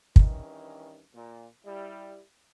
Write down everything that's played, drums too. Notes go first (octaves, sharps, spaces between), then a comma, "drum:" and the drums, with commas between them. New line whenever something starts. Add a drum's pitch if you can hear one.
G2 D#3 E3 C#4, drum: kick
A#2
G3 E4